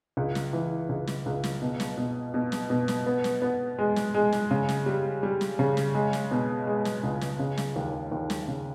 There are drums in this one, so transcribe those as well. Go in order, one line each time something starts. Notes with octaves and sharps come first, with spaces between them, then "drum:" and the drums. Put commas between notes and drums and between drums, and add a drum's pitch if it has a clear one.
C#2
drum: snare
E3
C#2
drum: snare
C#2
drum: snare
B2
drum: snare
B2
B2
drum: snare
B2
drum: snare
B3
drum: snare
B3
G#3
drum: snare
G#3
drum: snare
C#3
drum: snare
G3
G3
drum: snare
C#3
drum: snare
G#3
drum: snare
B2
G#3
drum: snare
C#2
drum: snare
C#3
drum: snare
D#2
D#2
drum: snare
C#3